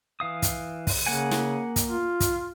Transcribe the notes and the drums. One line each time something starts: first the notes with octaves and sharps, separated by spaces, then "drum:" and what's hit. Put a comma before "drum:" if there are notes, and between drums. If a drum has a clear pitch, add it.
E3 F5 D#6
drum: kick, hi-hat
drum: kick, open hi-hat
C#3 A#3 F#5 G#5
drum: snare
drum: kick, hi-hat
F4
drum: kick, hi-hat